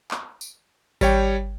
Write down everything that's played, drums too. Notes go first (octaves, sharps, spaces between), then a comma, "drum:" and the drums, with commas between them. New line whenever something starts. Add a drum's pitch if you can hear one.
drum: clap
drum: tambourine
G3 C#5 G5, drum: kick G#1, tambourine